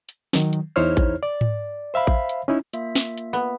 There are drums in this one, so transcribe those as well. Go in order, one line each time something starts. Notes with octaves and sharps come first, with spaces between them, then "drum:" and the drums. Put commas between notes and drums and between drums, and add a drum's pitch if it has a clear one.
drum: hi-hat
D#3 F#3, drum: snare
drum: hi-hat
E2 D#4 E4 C5 C#5 F6
drum: kick A1, hi-hat
D5
drum: tom G#2
C5 E5 F5 B5
drum: kick A1
drum: hi-hat
C#4 D#4 E4
A#3 F4 E5, drum: hi-hat
drum: snare
drum: hi-hat
B3